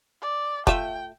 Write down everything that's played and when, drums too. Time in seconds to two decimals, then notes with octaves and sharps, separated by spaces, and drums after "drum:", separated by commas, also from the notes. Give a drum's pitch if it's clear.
0.22 D5
0.67 A3 F4 E5 G5, drum: kick F1